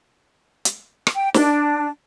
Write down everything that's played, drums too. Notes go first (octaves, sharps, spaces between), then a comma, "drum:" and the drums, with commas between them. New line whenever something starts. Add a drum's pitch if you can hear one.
drum: hi-hat
drum: rim click
G5
D4, drum: snare